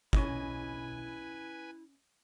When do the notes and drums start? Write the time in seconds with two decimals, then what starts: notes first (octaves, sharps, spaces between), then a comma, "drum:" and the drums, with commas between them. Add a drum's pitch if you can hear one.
0.13 C#4 E4 B4 D#5 G#5, drum: kick